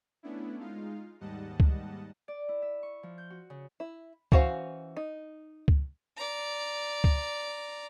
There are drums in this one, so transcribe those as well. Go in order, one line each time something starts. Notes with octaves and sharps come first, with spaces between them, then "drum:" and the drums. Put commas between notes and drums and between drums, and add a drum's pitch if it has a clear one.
A3 B3 C#4 D4 E4
G#3 D#4 F4 F5
D#2 G#2 G3 D#5 F#5 A5
drum: kick C#2
D5
E4
E5
C#6
F3
G6
F#4
C#3
E4
E3 C#4 F#4 C5 F5, drum: kick C#2
D#4
drum: kick C#2
D5 A#5
drum: kick C#2